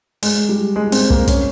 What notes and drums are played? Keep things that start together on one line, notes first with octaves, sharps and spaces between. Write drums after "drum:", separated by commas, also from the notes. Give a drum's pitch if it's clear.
G#3, drum: open hi-hat
G3
G#3
C4, drum: open hi-hat
A#3, drum: kick
C#4, drum: kick, hi-hat